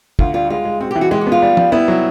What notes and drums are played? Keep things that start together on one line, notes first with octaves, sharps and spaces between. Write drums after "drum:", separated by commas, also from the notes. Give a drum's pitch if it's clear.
D2 F4, drum: kick
G3 F4
G#3 F4
G#3
C4 F#4
E3 G4
F#4
G#3 G4
F#4
B3
F4
G3
G3, drum: tom F3
B3 E4
F#3